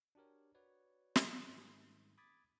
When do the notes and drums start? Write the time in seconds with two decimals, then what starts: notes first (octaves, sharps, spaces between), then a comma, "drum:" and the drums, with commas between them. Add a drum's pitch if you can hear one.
0.15 D4 F#4 G4 A#4 C#5
0.55 F#4 B4 C#5 D5
1.16 drum: snare
1.49 G#2 D#3 G3
2.18 B5 D6 D#6 G#6 A6 B6